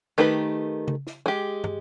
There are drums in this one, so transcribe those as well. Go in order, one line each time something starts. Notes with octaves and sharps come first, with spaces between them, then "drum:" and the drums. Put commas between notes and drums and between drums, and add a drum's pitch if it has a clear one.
D#3 A3 D#4 G4 B4
drum: tom C#3
drum: snare
G#3 G4
drum: tom